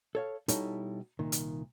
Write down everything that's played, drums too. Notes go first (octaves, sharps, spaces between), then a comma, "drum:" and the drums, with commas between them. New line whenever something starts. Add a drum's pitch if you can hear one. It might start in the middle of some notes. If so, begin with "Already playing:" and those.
A4 C#5 F5
B2 G3 D#4 E4 A4 C#5, drum: hi-hat
C2 A#2 D#3
drum: hi-hat